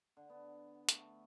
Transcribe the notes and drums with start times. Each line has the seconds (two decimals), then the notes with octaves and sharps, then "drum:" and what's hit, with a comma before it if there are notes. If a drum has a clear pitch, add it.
0.17 D3
0.30 B3
0.89 A3, drum: hi-hat